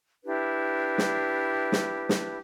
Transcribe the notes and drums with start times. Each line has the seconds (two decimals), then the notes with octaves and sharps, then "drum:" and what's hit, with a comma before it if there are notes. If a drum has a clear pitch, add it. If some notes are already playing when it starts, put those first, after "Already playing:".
0.24 D4 E4 G4 B4
0.98 drum: snare
1.72 drum: snare
2.09 drum: snare